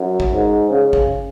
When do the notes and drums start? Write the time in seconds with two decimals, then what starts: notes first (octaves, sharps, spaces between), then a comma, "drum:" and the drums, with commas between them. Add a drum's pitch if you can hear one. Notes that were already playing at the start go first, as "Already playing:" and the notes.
Already playing: F#2
0.20 drum: kick G#1
0.33 G#2
0.70 C#3
0.93 drum: kick G#1